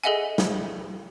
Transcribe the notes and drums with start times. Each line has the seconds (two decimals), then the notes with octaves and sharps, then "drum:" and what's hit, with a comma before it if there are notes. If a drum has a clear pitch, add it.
0.04 G#4 A4 D#5 E5 F#5 G#5
0.38 drum: snare